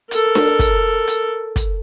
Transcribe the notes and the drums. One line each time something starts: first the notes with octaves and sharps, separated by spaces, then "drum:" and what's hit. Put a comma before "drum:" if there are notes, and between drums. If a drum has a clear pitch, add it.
A4 A#4, drum: hi-hat
drum: snare D4
drum: kick, hi-hat
drum: hi-hat
drum: kick, hi-hat